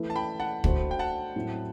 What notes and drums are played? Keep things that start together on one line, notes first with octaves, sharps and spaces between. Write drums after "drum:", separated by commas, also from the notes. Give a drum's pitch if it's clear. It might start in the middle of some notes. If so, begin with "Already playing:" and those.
Already playing: E3 A3 E4 B4
A5
G5 B5
F#5 A5
A3 D4 F#4 C5, drum: kick
G5
F#5 A5
A2 F#3 C4 E4